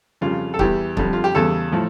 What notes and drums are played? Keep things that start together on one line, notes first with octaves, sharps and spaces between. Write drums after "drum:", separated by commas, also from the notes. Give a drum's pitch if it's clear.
F2 C#3 G3 F4
A4
E2 E3 G3 G4, drum: kick C#1
F2 D3 G3, drum: kick C#1
F4
G4
E2 C#3 G3 A4
A2 F3